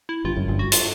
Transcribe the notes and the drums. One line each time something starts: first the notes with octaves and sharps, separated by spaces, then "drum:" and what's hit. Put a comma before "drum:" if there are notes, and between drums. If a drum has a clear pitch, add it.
E4
G1 G2 F4
F#1 F#2
G1 G2
F#4
F4, drum: hi-hat